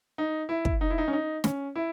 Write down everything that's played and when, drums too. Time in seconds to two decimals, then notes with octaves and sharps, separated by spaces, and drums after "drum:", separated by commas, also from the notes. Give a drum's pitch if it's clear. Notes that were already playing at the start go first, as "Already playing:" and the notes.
0.18 D#4
0.49 E4
0.65 drum: kick
0.81 D#4
0.90 E4
0.98 D#4
1.08 C#4
1.13 D#4
1.44 C#4, drum: snare
1.76 E4